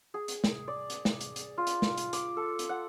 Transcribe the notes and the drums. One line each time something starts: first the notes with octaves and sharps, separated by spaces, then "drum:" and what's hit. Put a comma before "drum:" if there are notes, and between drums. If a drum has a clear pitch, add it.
G#4
drum: hi-hat
drum: snare
D5
drum: hi-hat
drum: snare
drum: hi-hat
drum: hi-hat
F4
drum: hi-hat
drum: snare
drum: hi-hat
D6, drum: hi-hat
A4
drum: hi-hat
F#5